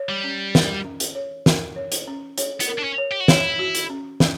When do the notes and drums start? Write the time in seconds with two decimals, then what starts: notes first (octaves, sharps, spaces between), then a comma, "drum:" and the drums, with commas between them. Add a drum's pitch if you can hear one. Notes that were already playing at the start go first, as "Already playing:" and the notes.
Already playing: C#5
0.09 G3
0.24 C#4
0.55 A#4, drum: snare
0.85 C#4
1.00 drum: hi-hat
1.15 C#5
1.46 A#4, drum: snare
1.76 C#5
1.92 drum: hi-hat
2.07 C#4
2.38 C#5, drum: hi-hat
2.60 B3, drum: hi-hat
2.68 A#4
2.78 D4
2.83 C#4
2.98 C#5
3.12 G4
3.20 F#4
3.28 E4 C#5, drum: snare
3.59 F#4
3.75 drum: hi-hat
3.90 C#4
4.20 C#4, drum: snare